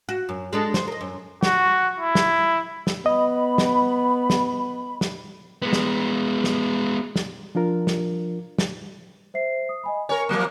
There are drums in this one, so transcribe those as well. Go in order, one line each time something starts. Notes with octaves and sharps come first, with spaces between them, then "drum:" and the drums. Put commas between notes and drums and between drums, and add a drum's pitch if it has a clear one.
F#4
F#2
G#3 D4 A4
C5, drum: snare
A#4 D#5
F#2
F#4, drum: snare
E4
drum: snare
drum: snare
B3 D#5 B5
drum: snare
drum: snare
drum: snare
G#3 B3
drum: snare
drum: snare
drum: snare
F3 D4 F4 A#4
drum: snare
drum: snare
C5 E5 C7
D#6
D#5 G#5 B5
A#4 C#5 G#5
F3 F#3 A#3 D#6